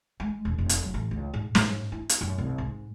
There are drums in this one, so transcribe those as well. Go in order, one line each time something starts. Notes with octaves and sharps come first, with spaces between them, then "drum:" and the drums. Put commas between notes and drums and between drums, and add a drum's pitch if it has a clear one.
G#3
E1
F1
drum: hi-hat
F#3
A1
C#2
G#2
G#2, drum: snare
E4
drum: hi-hat
F#2
C2
G#2